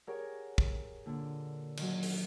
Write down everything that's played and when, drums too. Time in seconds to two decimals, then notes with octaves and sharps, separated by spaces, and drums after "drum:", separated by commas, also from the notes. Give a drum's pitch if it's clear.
0.07 G4 G#4 A#4 C#5 F#5
0.58 drum: kick
1.06 A#2 D3
1.77 D#3 F#3, drum: cymbal
2.03 drum: open hi-hat